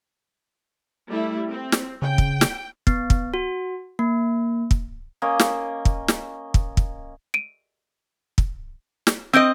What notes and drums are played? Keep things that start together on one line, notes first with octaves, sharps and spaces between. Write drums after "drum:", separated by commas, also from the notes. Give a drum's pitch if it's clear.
G3 A3 E4
C4
drum: snare
C#3 G5
drum: kick
drum: snare
B3, drum: kick
drum: kick
F#4
A#3
drum: kick
A#3 C#4 D#5
drum: snare
drum: kick
drum: snare
drum: kick
drum: kick
D7 D#7
drum: kick
drum: snare
C4 D#5 E6 G6 D7